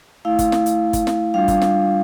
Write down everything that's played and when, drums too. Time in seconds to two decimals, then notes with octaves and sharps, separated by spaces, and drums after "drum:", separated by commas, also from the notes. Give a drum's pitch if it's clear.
0.25 A3 E4 F5
0.39 drum: kick G1, hi-hat
0.52 drum: snare
0.66 drum: hi-hat
0.93 drum: kick G1, hi-hat
1.07 drum: snare
1.34 G3 D4 F4 F5
1.48 drum: kick G1, hi-hat
1.62 drum: snare